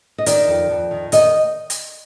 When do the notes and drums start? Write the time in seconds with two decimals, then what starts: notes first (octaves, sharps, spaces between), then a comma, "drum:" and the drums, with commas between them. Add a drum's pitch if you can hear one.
0.18 D#5
0.26 D#3 D5, drum: hi-hat
0.48 F2
0.70 F2
0.91 D#3
1.12 D#3 D#5, drum: hi-hat
1.70 drum: hi-hat